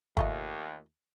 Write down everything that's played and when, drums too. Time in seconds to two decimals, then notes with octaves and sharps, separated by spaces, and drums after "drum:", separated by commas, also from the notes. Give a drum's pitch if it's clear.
0.17 D#2 A3 F4 D#5, drum: kick